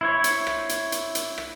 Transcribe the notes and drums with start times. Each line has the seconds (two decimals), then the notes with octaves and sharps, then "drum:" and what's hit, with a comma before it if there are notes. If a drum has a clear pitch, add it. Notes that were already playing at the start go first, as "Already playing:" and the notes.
0.01 E4 C5 C#5
0.24 drum: hi-hat
0.47 drum: rim click
0.69 drum: hi-hat
0.92 drum: hi-hat
1.15 drum: hi-hat
1.38 drum: rim click